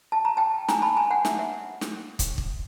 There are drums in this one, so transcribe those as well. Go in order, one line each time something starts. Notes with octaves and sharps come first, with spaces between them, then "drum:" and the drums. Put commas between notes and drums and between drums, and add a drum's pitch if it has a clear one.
A5
A#5
G5 A5
G#5 A#5, drum: snare
A5 B5
G#5 A#5
F#5 G#5
E5 F#5, drum: snare
E5 F#5
drum: snare
drum: kick, hi-hat
drum: kick